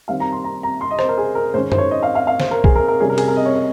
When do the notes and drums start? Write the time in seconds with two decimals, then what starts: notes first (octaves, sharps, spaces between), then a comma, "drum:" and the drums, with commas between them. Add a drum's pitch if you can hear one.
0.08 D#3 G3 C4 F5
0.20 A#5
0.32 C6
0.44 A#5
0.63 A#5
0.81 C6
0.91 D#5
0.99 C5, drum: rim click
1.09 A#4
1.18 G#4
1.35 A#4
1.54 G#2 D#3 G#3 C#4 C5
1.72 C5, drum: tom F#2
1.78 C#5
1.91 D#5
2.03 F5
2.15 F5
2.27 F5
2.40 C5, drum: snare
2.51 A#4
2.64 G#4, drum: kick
2.76 A#4
2.88 A#4
3.00 C3 G3 C#4 G#4
3.10 A#4
3.18 G#4, drum: cymbal
3.28 A#4
3.36 D#5
3.46 C#5
3.55 D#5